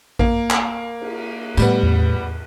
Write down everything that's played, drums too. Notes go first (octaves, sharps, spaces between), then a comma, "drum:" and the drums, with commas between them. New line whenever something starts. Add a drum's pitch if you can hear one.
A#3, drum: kick A1
drum: clap
drum: cymbal
A2 G3 B3, drum: tambourine
drum: tom E2